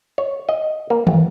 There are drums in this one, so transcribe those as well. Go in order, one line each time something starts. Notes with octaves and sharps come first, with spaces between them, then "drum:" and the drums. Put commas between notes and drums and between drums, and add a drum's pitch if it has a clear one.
C#5
D#5
A#3
G1, drum: tom D#3